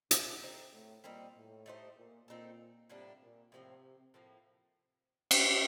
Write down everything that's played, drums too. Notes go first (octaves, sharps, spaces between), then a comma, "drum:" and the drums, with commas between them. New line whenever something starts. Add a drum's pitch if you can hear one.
C3, drum: hi-hat
A3 C4 D#4 G4
A2
A#2 G3 C4 D#4 A#4
A2
A3 D#4 G4 C5
A#2
A#2 C4 D#4 A4
A2 C3 G3 A#3 D4
A#2
A2 C3 F3 A3 C4
A2 F3 A#3
drum: cymbal